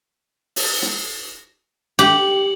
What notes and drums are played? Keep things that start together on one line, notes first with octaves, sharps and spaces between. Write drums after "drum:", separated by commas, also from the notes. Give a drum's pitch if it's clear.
drum: open hi-hat
drum: snare
G4 F#7, drum: cymbal